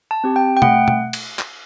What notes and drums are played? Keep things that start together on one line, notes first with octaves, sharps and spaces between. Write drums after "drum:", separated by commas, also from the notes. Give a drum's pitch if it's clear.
A5
C4 G4
G5
G5
A3 F#5, drum: tom B2
drum: tom B2
drum: cymbal
drum: clap